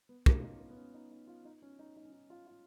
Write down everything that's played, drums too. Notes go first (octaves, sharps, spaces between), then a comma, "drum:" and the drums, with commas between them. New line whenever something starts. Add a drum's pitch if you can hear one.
B3
C#4, drum: kick
F4
D#4
B3
B3
C#4
D#4
D#4
F4
D#4
C#4
D#4
D#4
C#4
D#4
F4
F4